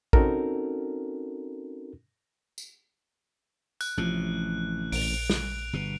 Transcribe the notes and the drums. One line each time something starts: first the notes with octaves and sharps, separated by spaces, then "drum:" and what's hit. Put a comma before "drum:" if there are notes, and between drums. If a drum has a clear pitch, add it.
C4 C#4 D#4 F#4 A4 A#4, drum: kick
drum: tambourine
F#6, drum: tambourine
A1 C3 F3
A#1 D7 F7, drum: open hi-hat
drum: snare
G1 B2